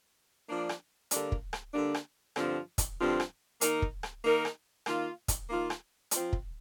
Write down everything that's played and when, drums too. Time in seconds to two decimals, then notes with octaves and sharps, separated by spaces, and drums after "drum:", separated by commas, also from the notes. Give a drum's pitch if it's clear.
0.48 F3 A#3 D4
0.69 drum: rim click
1.11 D3 G3 A#3 D4, drum: hi-hat
1.32 drum: kick
1.53 drum: rim click
1.74 D3 G3 A#3 D4
1.94 drum: rim click
2.36 G2 D3 F3 C4 F4, drum: rim click
2.78 drum: kick, hi-hat
2.99 G2 D3 F3 C4 F4
3.20 drum: rim click
3.61 D#3 A#3 D#4 A#4, drum: hi-hat
3.82 drum: kick
4.03 drum: rim click
4.24 D#3 A#3 D#4 A#4
4.45 drum: rim click
4.86 D#3 A#3 F4, drum: rim click
5.28 drum: kick, hi-hat
5.49 D#3 A#3 F4
5.70 drum: rim click
6.11 F3 C4 F4, drum: hi-hat
6.33 drum: kick